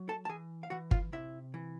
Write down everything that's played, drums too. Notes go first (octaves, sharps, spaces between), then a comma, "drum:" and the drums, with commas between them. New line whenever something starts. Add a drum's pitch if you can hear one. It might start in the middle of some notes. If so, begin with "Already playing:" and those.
Already playing: F#3
A4 A5
A5
E3 G#4 G#5
F5
E3 F#4 F#5
F4 F5, drum: kick G1
C3 E4 E5
E3